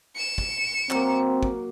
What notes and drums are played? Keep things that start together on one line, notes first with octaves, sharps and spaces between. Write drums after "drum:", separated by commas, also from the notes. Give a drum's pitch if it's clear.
C#7 E7
drum: kick
F#3 A#3 C4, drum: clap
drum: kick